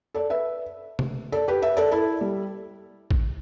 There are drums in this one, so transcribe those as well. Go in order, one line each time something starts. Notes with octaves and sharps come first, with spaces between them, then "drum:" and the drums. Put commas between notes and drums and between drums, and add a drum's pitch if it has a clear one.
A4 D5
B4 E5
drum: tom C3
A4 D5
G4 B4
B4 E5
A4 D5
E4 A4
G3
drum: kick A1